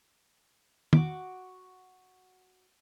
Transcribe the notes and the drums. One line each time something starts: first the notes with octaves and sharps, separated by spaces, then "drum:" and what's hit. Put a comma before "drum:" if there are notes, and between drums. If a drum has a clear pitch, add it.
F#4 D6, drum: tom